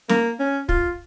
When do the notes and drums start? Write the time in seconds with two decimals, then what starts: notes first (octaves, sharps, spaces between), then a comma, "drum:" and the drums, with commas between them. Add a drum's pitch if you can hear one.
0.09 A#3, drum: snare
0.39 C#4
0.69 F4, drum: kick